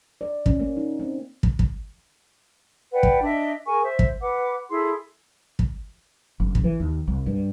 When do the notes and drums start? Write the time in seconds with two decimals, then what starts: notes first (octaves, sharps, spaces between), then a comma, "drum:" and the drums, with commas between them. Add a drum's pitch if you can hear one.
0.21 D5
0.46 C#4, drum: kick
0.60 A#3
0.76 D#4
0.99 C4
1.43 drum: kick
1.59 drum: kick
2.92 B4 D5 F#5 G5
3.03 drum: kick
3.22 D4 D#5 E5
3.66 G#4 A#4 G#5 C#6
3.83 C5 E5
3.99 drum: kick
4.20 B4 F#5 D6
4.69 E4 G#4 A4 C6
5.59 drum: kick
6.40 F#1
6.55 drum: kick
6.64 E3
6.80 D#2
7.07 C2
7.26 G2